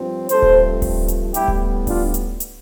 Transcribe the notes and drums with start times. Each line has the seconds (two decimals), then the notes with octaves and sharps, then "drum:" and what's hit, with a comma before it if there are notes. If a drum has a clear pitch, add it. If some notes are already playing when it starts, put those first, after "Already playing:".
Already playing: G2 F3 C4
0.29 G2 F3 A3 C4 A4 C5, drum: hi-hat
0.42 drum: kick D1
0.82 drum: kick D1, open hi-hat
1.08 drum: hi-hat
1.34 A2 G3 B3 E4 G4, drum: hi-hat
1.48 drum: kick D1
1.87 D4 F4, drum: kick D1, open hi-hat
2.14 drum: hi-hat
2.40 drum: hi-hat